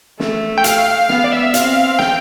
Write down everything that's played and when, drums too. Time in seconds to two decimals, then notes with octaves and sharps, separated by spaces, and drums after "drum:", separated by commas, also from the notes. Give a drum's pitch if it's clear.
0.20 A3, drum: snare
0.58 G5
0.64 F5, drum: hi-hat
1.09 B3 F5, drum: snare
1.24 D5
1.32 E5
1.54 C4 F5, drum: hi-hat
1.99 G5, drum: snare